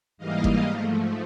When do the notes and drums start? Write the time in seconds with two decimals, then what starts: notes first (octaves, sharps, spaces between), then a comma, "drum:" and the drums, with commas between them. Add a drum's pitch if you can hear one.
0.17 G#2 E3 G3 A#3 D#5 F5
0.44 drum: kick F#1
0.66 G#2 F3 A3